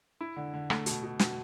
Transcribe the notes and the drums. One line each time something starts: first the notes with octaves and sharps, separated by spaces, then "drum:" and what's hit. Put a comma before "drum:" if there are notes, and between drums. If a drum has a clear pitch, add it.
E4
D3
D3
A3, drum: rim click
B2, drum: hi-hat
B2
B2, drum: snare